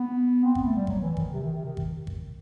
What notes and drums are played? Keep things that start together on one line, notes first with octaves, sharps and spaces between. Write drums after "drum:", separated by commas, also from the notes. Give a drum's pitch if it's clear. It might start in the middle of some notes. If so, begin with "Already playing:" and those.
Already playing: B3
C4
B3, drum: kick
A3
G3
F#3, drum: kick
E3
D#3, drum: kick
C3
D#3
C3
D#3
drum: kick
drum: kick